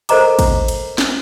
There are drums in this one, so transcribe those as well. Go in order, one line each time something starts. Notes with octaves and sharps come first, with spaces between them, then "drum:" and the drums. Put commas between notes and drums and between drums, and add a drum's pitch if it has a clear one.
A4 A#4 C5 D#5 A#5 D6, drum: cymbal
drum: kick, cymbal
drum: cymbal
drum: snare